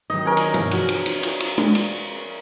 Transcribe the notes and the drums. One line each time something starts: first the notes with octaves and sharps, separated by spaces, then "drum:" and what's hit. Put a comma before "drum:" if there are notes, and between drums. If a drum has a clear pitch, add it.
D#3 F#3 D#4 D#5
C#4 A#4
drum: cymbal
drum: tom G2
F3 F#4 G#4, drum: cymbal
drum: cymbal
drum: cymbal
drum: cymbal
drum: cymbal
drum: tom G#3
drum: cymbal